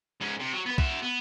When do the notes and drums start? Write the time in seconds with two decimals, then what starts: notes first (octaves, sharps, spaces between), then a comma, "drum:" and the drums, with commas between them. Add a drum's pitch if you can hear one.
0.21 G#2 C#4
0.40 C3
0.53 F#3
0.66 B3 B4
0.78 F#4 E5, drum: kick C2
1.02 B3